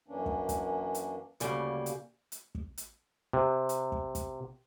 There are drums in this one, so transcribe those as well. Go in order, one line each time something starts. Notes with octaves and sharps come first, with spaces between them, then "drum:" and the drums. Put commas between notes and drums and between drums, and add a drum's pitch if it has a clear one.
F#2 E3 A#3 C#4 D4
drum: kick
drum: kick, hi-hat
drum: hi-hat
D2 C#3 G3 A#3, drum: hi-hat
drum: hi-hat
drum: hi-hat
drum: kick
drum: hi-hat
C3
drum: hi-hat
drum: kick
drum: kick, hi-hat